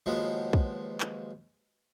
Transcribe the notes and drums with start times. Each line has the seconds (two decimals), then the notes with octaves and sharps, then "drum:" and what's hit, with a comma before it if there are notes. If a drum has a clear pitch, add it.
0.06 D#2 F3 F#3 G#3 B3
0.53 drum: kick
1.00 drum: clap